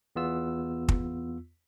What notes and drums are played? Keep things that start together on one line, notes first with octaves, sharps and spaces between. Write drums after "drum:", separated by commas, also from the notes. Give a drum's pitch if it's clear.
E2 B3 F4 E6
drum: kick